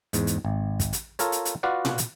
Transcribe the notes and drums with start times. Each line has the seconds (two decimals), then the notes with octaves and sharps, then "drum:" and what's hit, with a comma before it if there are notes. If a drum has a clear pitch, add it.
0.13 E2 G#2, drum: hi-hat
0.27 drum: hi-hat
0.45 G#1
0.80 drum: kick, hi-hat
0.93 drum: hi-hat
1.19 F4 A4 A#4 C#5, drum: hi-hat
1.32 drum: hi-hat
1.45 drum: hi-hat
1.63 F4 F#4 B4 D5 F5 F#5
1.85 drum: tom A#2
1.98 drum: hi-hat